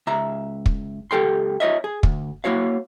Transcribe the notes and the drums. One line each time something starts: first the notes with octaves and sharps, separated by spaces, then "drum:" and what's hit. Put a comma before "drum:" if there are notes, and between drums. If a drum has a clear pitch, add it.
C#2 E5 A#5
drum: kick
C#2 G4 A4 G5 C6
F4 C#5 D#5 E5
G#4
D2, drum: kick
A#3 E4 F#4 C#5 F5